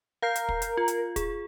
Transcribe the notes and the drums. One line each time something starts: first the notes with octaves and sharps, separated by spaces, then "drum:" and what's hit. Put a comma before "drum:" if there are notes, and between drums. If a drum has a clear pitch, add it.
A#4 F5 G6 C7
drum: hi-hat
drum: kick
drum: hi-hat
F4
drum: hi-hat
G#4, drum: kick, hi-hat